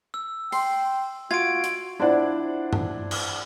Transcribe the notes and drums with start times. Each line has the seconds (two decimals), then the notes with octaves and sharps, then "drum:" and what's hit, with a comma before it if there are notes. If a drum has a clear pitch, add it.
0.14 E6
0.52 G5 C6, drum: open hi-hat
1.31 F4 F#4 G#6 D7
1.64 drum: hi-hat
2.00 D4 E4 F4 C5 D5 F#5
2.73 drum: tom G2
3.11 drum: cymbal